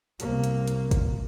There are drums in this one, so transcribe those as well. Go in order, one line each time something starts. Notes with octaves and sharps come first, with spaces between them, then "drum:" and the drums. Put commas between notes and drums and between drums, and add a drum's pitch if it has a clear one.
C2 A#3, drum: hi-hat
drum: hi-hat
drum: hi-hat
drum: kick, hi-hat